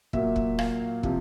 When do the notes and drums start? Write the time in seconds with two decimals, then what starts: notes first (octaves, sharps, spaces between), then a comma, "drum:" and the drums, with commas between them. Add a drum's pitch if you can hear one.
0.13 A#2 F#3 A#3 E5, drum: kick
0.36 drum: kick
0.59 F5, drum: rim click
1.03 C3 F3, drum: kick